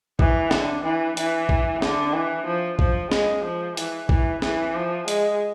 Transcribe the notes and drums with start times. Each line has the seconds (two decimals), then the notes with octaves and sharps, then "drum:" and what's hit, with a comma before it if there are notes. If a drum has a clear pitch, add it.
0.19 E3, drum: kick
0.51 D3, drum: snare
0.85 E3
1.17 E3, drum: hi-hat
1.49 drum: kick
1.82 D3, drum: snare
2.14 E3
2.47 F3
2.79 F3, drum: kick
3.12 G#3, drum: snare
3.45 F3
3.77 E3, drum: hi-hat
4.09 E3, drum: kick
4.42 E3, drum: snare
4.75 F3
5.08 G#3, drum: hi-hat